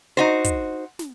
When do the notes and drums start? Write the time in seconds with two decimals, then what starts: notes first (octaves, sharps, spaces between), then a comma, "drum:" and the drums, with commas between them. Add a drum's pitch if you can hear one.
0.17 D#4 F#4 C5
0.44 drum: kick, hi-hat
0.99 drum: snare